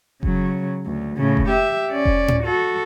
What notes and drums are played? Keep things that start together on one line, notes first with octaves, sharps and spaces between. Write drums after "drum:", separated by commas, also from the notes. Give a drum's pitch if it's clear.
C#3 F#3, drum: kick F1
D2
A2 C#3
drum: kick F1
G4 E5
C#4 D5
drum: kick F1
drum: tom A2
F#4 A4